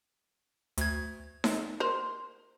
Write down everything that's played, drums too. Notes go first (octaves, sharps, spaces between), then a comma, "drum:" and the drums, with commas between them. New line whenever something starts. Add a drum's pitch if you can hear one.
D2 G#6, drum: hi-hat
drum: snare D#4
A#4 C5